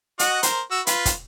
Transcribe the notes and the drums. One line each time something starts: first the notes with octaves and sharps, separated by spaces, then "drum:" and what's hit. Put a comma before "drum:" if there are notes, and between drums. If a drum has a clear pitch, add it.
F#4 D#5 F#5, drum: hi-hat
A#4 C5, drum: hi-hat
F#4 E6
F4 B4, drum: hi-hat
drum: kick, hi-hat